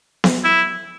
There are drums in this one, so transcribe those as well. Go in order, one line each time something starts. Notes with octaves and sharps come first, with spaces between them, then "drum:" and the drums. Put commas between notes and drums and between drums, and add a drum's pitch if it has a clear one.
drum: snare B3
E4